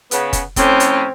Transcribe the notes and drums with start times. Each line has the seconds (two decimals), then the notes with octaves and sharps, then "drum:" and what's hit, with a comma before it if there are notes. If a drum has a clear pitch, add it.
0.11 C#3 B3, drum: hi-hat
0.33 drum: kick F1, hi-hat
0.56 F2 A2 C4 C#4, drum: kick F1, hi-hat
0.80 drum: hi-hat